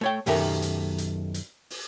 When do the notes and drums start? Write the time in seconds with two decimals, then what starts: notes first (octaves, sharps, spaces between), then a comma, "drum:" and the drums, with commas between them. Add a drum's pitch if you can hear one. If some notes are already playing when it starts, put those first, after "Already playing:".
0.01 A3 C#5 G5
0.26 B1 F#2 D#3 A3 G4 A#4, drum: open hi-hat
0.62 drum: hi-hat
0.98 drum: hi-hat
1.34 drum: hi-hat
1.70 drum: open hi-hat